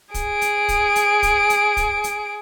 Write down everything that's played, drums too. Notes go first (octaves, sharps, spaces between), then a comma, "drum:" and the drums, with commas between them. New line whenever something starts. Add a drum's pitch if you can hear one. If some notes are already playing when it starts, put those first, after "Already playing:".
G#4 D7, drum: kick, hi-hat
drum: hi-hat
drum: kick, hi-hat
drum: hi-hat
drum: kick, hi-hat
drum: hi-hat
drum: kick, hi-hat
drum: hi-hat